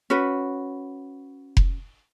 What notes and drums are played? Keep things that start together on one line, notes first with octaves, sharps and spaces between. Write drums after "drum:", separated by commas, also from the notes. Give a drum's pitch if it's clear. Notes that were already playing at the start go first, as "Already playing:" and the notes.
C#4 F#4 B4
drum: kick F1